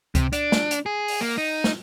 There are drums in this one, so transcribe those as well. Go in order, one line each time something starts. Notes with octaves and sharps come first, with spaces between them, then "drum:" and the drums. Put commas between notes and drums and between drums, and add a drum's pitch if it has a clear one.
C3, drum: kick C#2, hi-hat
D4, drum: hi-hat
drum: snare
drum: hi-hat
G#4
drum: open hi-hat
A#3
D#4
drum: snare